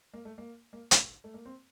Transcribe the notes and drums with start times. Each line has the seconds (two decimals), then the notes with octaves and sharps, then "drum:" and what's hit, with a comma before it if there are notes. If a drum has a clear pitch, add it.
0.14 A#3
0.25 A3
0.38 A#3
0.73 A#3
0.91 A3, drum: hi-hat
1.24 A3
1.34 A#3
1.45 C4